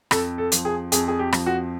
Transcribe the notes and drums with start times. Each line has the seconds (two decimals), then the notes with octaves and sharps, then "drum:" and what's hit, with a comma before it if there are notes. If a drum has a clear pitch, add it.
0.11 F2 A4, drum: rim click
0.38 A4
0.52 F3, drum: hi-hat
0.65 G#4
0.92 F2 G#4, drum: hi-hat
1.08 G#4
1.19 G4
1.33 F3, drum: rim click
1.46 F#4